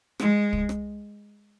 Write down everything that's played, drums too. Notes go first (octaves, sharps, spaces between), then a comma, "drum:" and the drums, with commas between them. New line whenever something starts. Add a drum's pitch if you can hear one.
G#3, drum: rim click
drum: kick
drum: rim click